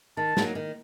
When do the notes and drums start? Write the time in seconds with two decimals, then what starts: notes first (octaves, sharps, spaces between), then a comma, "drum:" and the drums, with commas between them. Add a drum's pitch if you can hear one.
0.17 D#3 A5
0.37 F#3 A#3 D#4, drum: snare
0.55 D#3